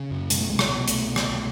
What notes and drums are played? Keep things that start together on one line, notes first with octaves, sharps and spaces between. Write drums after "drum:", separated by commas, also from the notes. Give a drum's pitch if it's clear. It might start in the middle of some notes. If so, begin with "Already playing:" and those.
Already playing: C#3
F#2
B2 G#3, drum: hi-hat
A3
C2 G#3
drum: rim click
B2
C2 A3, drum: hi-hat
B2
drum: rim click
C2
A3